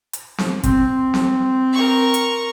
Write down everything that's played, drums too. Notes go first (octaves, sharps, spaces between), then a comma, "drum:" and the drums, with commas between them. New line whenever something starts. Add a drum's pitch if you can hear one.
drum: hi-hat
drum: snare C4
C4, drum: kick, hi-hat
drum: snare C4
A#4 C#6
drum: hi-hat